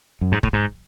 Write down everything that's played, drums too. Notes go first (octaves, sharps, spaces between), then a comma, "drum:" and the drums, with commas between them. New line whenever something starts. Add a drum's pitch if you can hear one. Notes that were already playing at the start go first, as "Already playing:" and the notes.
F#2
G#2
A2, drum: kick
G#2